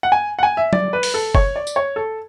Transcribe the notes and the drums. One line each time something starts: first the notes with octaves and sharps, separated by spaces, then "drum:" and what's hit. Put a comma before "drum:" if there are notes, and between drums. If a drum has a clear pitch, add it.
F#5
G#5
F#5
G#5
E5
D5, drum: tom
B4
drum: open hi-hat
A4
C#5, drum: kick F#1
D5
drum: tambourine
C#5
A4